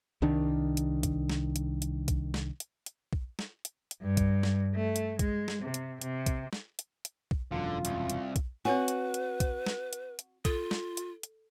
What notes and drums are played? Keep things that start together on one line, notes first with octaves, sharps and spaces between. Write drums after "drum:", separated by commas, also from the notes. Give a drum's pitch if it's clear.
C2 D#3 D4
drum: hi-hat
drum: kick B1, hi-hat
drum: snare
drum: hi-hat
drum: hi-hat
drum: kick B1, hi-hat
drum: snare
drum: hi-hat
drum: hi-hat
drum: kick B1
drum: snare
drum: hi-hat
drum: hi-hat
G2
drum: kick B1, hi-hat
drum: snare
A3
drum: hi-hat
G#3, drum: kick B1, hi-hat
drum: snare
C3
drum: hi-hat
C3, drum: hi-hat
drum: kick B1, hi-hat
drum: snare
drum: hi-hat
drum: hi-hat
drum: kick B1
E1 F#2 D3 F4
C2, drum: hi-hat
drum: hi-hat
drum: kick B1, hi-hat
C4 F#4 B4 C#5 G#5
drum: hi-hat
drum: hi-hat
drum: kick B1, hi-hat
drum: snare
drum: hi-hat
drum: hi-hat
F4 A4, drum: kick B1, hi-hat
drum: snare
drum: hi-hat
drum: hi-hat